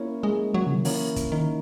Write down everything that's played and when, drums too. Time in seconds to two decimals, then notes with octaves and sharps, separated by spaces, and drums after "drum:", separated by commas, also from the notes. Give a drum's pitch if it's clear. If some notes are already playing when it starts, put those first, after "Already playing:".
Already playing: A#3 C#4 E4 A#4 C#5
0.23 G#3
0.54 F#3
0.67 C#3
0.75 D#3
0.85 E3 A#3 C#4 E4 A#4 C#5, drum: open hi-hat
1.16 drum: kick, hi-hat
1.32 D#3